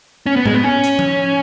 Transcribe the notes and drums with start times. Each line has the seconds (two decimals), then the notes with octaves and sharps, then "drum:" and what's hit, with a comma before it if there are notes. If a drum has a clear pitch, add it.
0.26 C#4
0.36 B3
0.46 G#3, drum: tom A2
0.54 B3
0.64 C#4
0.84 drum: hi-hat
0.99 drum: tom F3